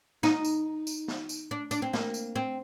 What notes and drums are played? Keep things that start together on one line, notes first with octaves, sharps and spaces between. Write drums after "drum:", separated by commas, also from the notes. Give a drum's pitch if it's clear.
D#4, drum: snare
drum: tambourine
drum: tambourine
drum: snare
drum: tambourine
D4
D4, drum: tambourine
C4
A#3, drum: snare
drum: tambourine
C4